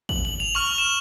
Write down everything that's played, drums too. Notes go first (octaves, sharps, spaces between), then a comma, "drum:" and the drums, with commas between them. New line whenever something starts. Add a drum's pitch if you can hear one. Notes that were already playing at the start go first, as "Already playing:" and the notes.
F#7, drum: kick
F#7
F7
C#6 F6 F#7
F#7
E7